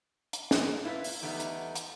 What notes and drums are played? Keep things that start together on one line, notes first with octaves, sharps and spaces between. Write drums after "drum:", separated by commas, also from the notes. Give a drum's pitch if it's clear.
drum: hi-hat
drum: snare
A#4
G2 E4 F4 B4
drum: open hi-hat
E2 G3 A3 B3 D#4
drum: hi-hat
drum: hi-hat